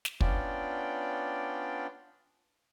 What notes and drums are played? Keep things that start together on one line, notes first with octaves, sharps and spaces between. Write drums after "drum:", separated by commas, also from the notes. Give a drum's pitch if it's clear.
drum: snare
B3 C#4 D4 F4 D5 G5, drum: kick